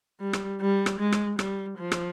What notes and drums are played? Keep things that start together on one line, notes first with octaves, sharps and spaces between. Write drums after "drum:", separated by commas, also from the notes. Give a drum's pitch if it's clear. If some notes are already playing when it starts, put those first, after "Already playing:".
G3
drum: rim click
G3
drum: rim click
G#3
drum: rim click
G3, drum: rim click
F3
drum: rim click